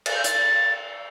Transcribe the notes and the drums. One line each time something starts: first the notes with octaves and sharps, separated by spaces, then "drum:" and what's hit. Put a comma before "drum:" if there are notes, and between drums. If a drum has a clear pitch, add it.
A6, drum: cymbal
G6
A6, drum: hi-hat